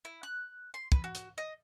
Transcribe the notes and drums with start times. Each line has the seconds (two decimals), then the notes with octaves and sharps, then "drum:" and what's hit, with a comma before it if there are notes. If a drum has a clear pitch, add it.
0.05 E4
0.23 F#6
0.74 C6
0.92 B4, drum: kick
1.04 F#4
1.15 drum: hi-hat
1.38 D#5